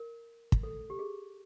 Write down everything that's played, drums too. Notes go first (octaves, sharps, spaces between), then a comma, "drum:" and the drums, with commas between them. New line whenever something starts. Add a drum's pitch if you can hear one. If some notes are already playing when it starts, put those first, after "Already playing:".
Already playing: A#4
drum: kick
A4
G4
G#4